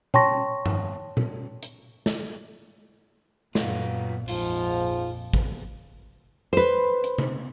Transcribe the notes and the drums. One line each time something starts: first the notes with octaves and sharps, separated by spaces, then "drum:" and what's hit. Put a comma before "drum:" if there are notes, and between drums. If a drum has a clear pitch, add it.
C#5 G5 A5 C6 C#6 A#6, drum: tom A#2
drum: tom G2
drum: tom A#2
drum: hi-hat
drum: snare
F#2 A#2 B3 F4, drum: snare
A#1 F2 G#2 F3 F4, drum: open hi-hat
drum: kick
B4 C5
drum: hi-hat
drum: tom C3